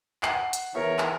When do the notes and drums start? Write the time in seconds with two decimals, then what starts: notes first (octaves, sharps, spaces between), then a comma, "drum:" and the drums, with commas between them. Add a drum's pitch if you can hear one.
0.23 F#5 C7 F#7, drum: clap
0.53 drum: hi-hat
0.75 E2 A#4 C#5
0.99 drum: clap